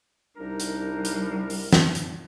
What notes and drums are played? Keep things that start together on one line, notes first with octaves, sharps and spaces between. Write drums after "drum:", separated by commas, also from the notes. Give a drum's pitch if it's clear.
C2 G3 D4 D#4 A#4
drum: hi-hat
drum: hi-hat
drum: open hi-hat
drum: snare
drum: hi-hat